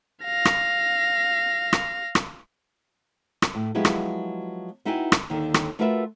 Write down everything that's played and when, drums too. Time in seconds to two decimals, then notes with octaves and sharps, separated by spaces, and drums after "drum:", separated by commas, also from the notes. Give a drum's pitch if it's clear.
0.24 F5 A#6
0.45 drum: rim click
1.73 drum: rim click
2.15 drum: rim click
3.42 drum: rim click
3.55 A2
3.75 F3 F#3 G#3 B3 E4 G4
3.85 drum: rim click
4.85 B3 D#4 E4 F#4 G5 G#5
5.12 drum: rim click
5.30 D#2 D3 D#3
5.54 drum: rim click
5.79 A3 F4 F#4 A#4 B4 E5